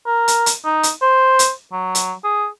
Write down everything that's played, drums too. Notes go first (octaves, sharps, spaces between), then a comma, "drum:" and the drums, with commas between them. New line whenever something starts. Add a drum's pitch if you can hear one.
A#4
drum: hi-hat
drum: hi-hat
D#4
drum: hi-hat
C5
drum: hi-hat
F#3
drum: hi-hat
G#4